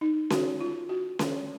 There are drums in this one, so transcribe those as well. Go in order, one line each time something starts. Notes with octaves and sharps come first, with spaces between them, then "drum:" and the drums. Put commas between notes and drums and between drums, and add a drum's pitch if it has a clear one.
D#4
F#4, drum: snare C#4
F4
F#4
drum: snare C#4